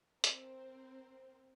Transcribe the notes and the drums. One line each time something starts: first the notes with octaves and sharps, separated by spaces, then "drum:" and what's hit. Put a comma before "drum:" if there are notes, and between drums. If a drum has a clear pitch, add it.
C4 A#4 C5, drum: hi-hat